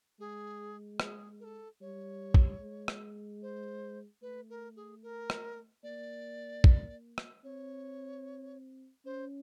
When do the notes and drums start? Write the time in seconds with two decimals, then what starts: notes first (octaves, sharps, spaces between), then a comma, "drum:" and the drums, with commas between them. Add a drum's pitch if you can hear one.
0.19 G#3 G#4
1.00 A4, drum: rim click
1.03 G#4
1.40 A#4
1.44 A4
1.81 G3 C#5
2.34 drum: kick
2.61 G#3
2.88 drum: rim click
3.42 C5
4.22 A3 B4
4.50 A#4
4.76 G#4
5.03 A#4
5.30 drum: rim click
5.83 A#3 D5
6.64 drum: kick
7.18 drum: rim click
7.44 C4 C#5
9.05 C#4 C5